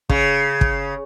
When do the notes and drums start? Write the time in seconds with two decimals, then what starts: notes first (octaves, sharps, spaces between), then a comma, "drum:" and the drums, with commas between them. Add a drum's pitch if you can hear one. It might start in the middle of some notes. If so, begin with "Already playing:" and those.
0.09 C#3, drum: kick
0.61 drum: kick